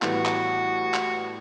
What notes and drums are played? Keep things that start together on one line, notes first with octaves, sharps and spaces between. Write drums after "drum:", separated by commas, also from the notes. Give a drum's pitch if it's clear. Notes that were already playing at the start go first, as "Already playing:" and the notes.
A2 E3 G3 A3 B3 F#4, drum: clap
drum: clap
drum: clap